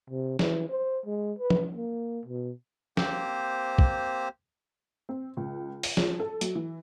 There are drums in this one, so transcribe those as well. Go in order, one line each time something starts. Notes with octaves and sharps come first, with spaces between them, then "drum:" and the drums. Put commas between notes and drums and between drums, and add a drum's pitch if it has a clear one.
C3
E3, drum: snare
C5
G#3
B4
drum: tom
A#3
B2
A#3 C4 G4 C5, drum: snare
drum: kick
C4
C#2
D#7, drum: open hi-hat
F3, drum: snare
A4
F#3, drum: hi-hat
E3